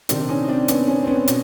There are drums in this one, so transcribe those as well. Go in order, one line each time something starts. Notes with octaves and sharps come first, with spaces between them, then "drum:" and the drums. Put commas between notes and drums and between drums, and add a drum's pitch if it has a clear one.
C3 D#3 C4 D4, drum: hi-hat
D4
C#4 D#4
D#4
C4 D4
B3 C#4, drum: hi-hat
B3 C#4
C4
B3 C#4
B2, drum: hi-hat